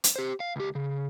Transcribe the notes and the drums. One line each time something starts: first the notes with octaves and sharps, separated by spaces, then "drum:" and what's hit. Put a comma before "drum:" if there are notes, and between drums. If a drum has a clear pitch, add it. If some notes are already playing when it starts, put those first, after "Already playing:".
drum: hi-hat
G4 C5
F5
C#2 G4
C#3